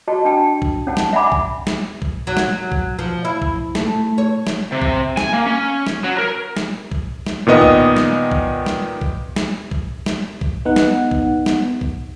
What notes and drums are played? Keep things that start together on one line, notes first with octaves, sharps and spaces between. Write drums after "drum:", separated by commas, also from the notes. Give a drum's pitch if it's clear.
F#4 D#5 A5 C#6
D4 G5 A5
drum: kick B1
C#4 F#5 A5
drum: snare
E5 F#5 G#5 B5 D6
drum: kick B1
drum: snare
drum: kick B1
F#3
drum: snare
drum: kick B1
F3
E4
drum: kick B1
A3, drum: snare
C#5
drum: snare
C3
drum: kick B1
G#5, drum: snare
A#3
C#4
drum: snare
F#3
A#4
drum: snare
drum: kick B1
drum: snare
A#2 D#3 B3 D#5 D#6
drum: kick B1
drum: snare
drum: kick B1
drum: snare
drum: kick B1
drum: snare
drum: kick B1
drum: snare
drum: kick B1
B3 D#4 F#5
drum: snare
drum: kick B1
drum: snare
drum: kick B1